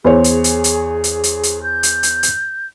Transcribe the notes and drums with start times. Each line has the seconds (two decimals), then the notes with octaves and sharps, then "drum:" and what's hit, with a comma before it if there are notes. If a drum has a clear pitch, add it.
0.04 E2 G#4 C5 C#5
0.24 drum: hi-hat
0.44 drum: hi-hat
0.64 drum: hi-hat
1.04 drum: hi-hat
1.24 drum: hi-hat
1.43 drum: hi-hat
1.63 G6
1.83 drum: hi-hat
2.03 drum: hi-hat
2.23 drum: hi-hat